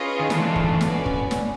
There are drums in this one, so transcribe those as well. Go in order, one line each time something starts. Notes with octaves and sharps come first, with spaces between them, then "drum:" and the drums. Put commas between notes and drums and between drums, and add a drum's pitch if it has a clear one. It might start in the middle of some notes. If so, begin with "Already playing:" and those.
Already playing: C#4 F4 G#4 B4 D#5
D#3
D3 E3 A3 D4 F4, drum: snare
drum: kick
C#4 F#4 B4 D5, drum: snare
drum: kick
drum: snare